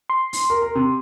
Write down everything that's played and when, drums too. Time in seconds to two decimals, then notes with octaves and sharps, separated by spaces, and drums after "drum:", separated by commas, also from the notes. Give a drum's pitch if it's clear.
0.10 C6
0.33 drum: open hi-hat
0.50 A#4
0.62 A#4
0.75 C3